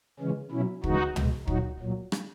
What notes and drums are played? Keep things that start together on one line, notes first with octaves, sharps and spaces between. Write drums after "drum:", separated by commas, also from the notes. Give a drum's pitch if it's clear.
C#3 E3 G#3 C#4
B2 F#3 C#4 E4
C#3 E3 G#3 D#4 F#4, drum: kick
B2 G#3, drum: tom
A#2 F#3 D#4 F#4, drum: kick
A#2 F#3
drum: rim click